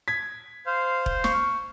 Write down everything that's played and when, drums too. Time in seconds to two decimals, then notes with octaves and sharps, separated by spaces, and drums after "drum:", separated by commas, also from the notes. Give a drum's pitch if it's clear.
0.08 G#6 B6
0.67 C5 F5
1.06 drum: kick E1
1.24 C#6, drum: snare